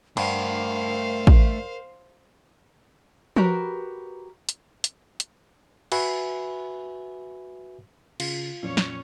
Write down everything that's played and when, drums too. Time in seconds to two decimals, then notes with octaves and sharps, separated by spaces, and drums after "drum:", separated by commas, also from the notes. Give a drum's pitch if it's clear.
0.17 G2 A3 A#4 C5 F5 F#5, drum: cymbal
1.27 drum: kick A1
3.36 F#4 G4 A#4 B4 A#5, drum: tom F3
4.49 drum: hi-hat
4.84 drum: hi-hat
5.20 drum: hi-hat
5.92 F#4 B4 E5 G#5 B5, drum: cymbal
8.20 C#3 F4, drum: cymbal
8.63 F2 A#2 F#3 C#4 C#5
8.77 drum: snare